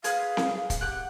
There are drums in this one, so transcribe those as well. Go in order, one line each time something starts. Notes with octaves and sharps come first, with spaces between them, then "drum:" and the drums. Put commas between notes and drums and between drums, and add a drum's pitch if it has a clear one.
G#4 B4 F5 F6, drum: hi-hat
drum: snare C4
drum: kick, hi-hat
G4 F#5 F#6